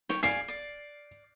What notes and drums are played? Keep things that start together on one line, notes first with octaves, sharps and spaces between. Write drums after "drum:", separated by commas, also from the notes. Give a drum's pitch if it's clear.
C#5 G5, drum: snare
D5 F5 G#5 C7, drum: snare
D5